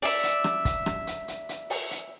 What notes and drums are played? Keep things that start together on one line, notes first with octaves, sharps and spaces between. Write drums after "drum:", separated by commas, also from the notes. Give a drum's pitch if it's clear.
D5 E5, drum: open hi-hat
drum: hi-hat
drum: rim click
drum: kick, hi-hat
drum: rim click
drum: hi-hat
drum: hi-hat
drum: hi-hat
drum: open hi-hat
drum: hi-hat